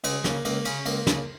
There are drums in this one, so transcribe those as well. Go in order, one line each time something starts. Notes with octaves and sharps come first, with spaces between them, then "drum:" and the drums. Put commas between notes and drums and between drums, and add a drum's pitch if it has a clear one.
C#2 G#3, drum: cymbal
C#3 A#3, drum: snare
C#2 A#3, drum: cymbal
C#3 C#4, drum: cymbal
C#2 A#3, drum: cymbal
C#3, drum: snare